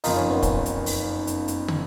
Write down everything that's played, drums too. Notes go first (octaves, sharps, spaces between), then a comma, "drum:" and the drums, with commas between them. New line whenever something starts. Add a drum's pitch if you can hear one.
F#1 F2 F3 A#3 D#4 F4, drum: open hi-hat
C#4
B3
C#4, drum: kick, hi-hat
drum: hi-hat
drum: open hi-hat
drum: hi-hat
drum: hi-hat
drum: tom